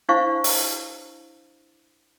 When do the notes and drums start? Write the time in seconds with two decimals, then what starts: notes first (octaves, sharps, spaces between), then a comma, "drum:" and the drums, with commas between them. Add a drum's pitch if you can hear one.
0.09 D4 E4 C5 F5 C#6
0.44 drum: open hi-hat